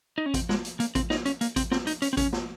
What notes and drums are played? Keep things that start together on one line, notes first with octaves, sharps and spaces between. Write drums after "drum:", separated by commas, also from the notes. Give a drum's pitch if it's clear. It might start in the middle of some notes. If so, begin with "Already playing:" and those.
D#4
C#4
C4, drum: kick A1, hi-hat
G#3, drum: snare
drum: hi-hat
A#3, drum: hi-hat
C4, drum: kick A1, hi-hat
D#4, drum: snare
C#4, drum: hi-hat
A#3, drum: hi-hat
C4, drum: kick A1, hi-hat
C4, drum: snare
D#4, drum: hi-hat
C#4, drum: hi-hat
C4
C#4, drum: kick A1, hi-hat
drum: snare